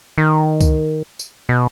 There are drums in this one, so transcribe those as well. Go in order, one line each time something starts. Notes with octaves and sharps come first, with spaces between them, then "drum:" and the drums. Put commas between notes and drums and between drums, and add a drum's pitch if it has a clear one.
D#3
drum: kick C#2, tambourine
drum: tambourine
B2